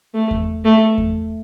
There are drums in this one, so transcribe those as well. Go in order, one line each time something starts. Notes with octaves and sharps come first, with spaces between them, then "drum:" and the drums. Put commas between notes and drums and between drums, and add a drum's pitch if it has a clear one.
A3
drum: kick E2
A3
drum: kick E2